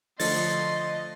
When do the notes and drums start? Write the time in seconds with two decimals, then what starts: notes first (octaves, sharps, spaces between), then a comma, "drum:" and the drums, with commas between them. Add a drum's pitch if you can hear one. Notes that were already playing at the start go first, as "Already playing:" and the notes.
0.20 D3 F3 A3 D#5 C6 A6, drum: open hi-hat